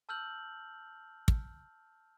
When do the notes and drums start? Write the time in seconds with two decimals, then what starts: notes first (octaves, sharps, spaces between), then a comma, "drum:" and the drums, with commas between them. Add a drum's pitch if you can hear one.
0.09 A5 E6 F6 G6 F#7
1.28 drum: kick